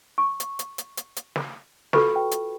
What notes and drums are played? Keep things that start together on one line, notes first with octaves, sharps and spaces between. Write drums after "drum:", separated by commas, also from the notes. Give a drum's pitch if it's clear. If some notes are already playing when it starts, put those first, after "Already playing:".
C#6
drum: hi-hat
drum: hi-hat
drum: hi-hat
drum: hi-hat
drum: hi-hat
drum: snare
F4 F#4 A4 B4 B5 C#6, drum: snare
G5
drum: hi-hat